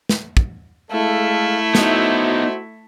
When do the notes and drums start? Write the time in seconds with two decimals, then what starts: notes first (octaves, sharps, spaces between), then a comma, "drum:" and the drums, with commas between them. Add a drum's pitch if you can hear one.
0.09 drum: snare
0.37 drum: kick
0.91 G#3 A3 E4 A4 F5
1.75 B3 D#4 F#4 C5 E5, drum: snare